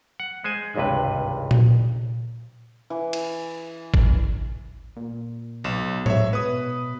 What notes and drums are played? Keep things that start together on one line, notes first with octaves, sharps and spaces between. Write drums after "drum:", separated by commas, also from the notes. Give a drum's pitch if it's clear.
F#5
G#3 C5 G#5
G#1 C#2 G2 C3 B4
drum: tom A#2
E3
drum: cymbal
drum: kick
A#2
B1 E7
G#2 C#5 E5, drum: tom A2
B2 B4 D#6